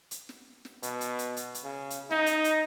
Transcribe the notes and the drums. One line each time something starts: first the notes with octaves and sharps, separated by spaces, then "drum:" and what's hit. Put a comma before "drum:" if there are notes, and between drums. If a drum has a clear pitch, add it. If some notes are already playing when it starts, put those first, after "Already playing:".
drum: hi-hat
drum: snare
drum: snare
B2, drum: hi-hat
drum: hi-hat
drum: hi-hat
drum: hi-hat
drum: hi-hat
C#3
drum: hi-hat
D#4, drum: snare
drum: hi-hat
drum: hi-hat